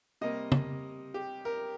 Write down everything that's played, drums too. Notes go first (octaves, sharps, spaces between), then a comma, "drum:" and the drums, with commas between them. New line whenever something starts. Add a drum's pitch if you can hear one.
C3 G3 A#3 D#5
drum: tom
G4
A#4